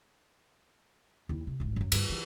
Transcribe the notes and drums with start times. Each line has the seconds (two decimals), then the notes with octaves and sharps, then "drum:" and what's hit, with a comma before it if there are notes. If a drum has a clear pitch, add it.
1.29 D#2 E4
1.47 C3
1.60 D1 G#1
1.76 F#2 F#3
1.92 D2 G2, drum: cymbal
2.10 E3 F#3